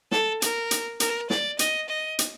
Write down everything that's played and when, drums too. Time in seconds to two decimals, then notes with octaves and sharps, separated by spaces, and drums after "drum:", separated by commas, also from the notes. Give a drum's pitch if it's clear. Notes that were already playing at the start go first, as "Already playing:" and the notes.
0.11 A4, drum: snare
0.42 A#4, drum: hi-hat
0.71 drum: hi-hat
1.00 A#4, drum: hi-hat
1.30 D5, drum: snare
1.59 D#5, drum: hi-hat
1.89 D#5
2.19 drum: hi-hat